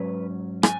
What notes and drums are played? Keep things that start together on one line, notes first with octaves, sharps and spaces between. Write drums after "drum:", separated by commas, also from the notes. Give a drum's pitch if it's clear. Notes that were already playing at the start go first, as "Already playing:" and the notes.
Already playing: G#2 F#3 C#4 B4
G#5, drum: rim click